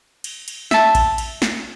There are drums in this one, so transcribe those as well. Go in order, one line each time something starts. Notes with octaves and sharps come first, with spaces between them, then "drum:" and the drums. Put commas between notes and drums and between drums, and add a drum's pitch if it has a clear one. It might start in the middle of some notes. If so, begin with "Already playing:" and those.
drum: cymbal
drum: cymbal
E5 A5, drum: snare
drum: kick A1, cymbal
drum: cymbal
drum: snare